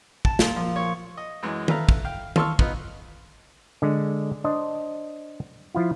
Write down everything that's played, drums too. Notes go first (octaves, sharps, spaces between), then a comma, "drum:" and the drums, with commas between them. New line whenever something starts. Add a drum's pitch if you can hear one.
A5, drum: kick
A#2, drum: snare
F3
C#5
D#5
F#2 E3 G#3
A4 B4 E5 F5 A#5, drum: tom D#3
drum: kick
F5 G5 F6
F5 A5 C6 C#6 E6 F6, drum: tom D#3
B3 D#4 F4, drum: kick
D3 G#3
D4 C5 D#5
F3 E4 F4